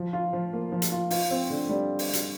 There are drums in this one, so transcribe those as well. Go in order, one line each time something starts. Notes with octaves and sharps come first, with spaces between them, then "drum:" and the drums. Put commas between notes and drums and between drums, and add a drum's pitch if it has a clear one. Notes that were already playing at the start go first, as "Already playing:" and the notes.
Already playing: F3
F4
F3
A#3
F3
drum: hi-hat
F4
F4, drum: open hi-hat
C4
D3
G3
drum: open hi-hat
drum: hi-hat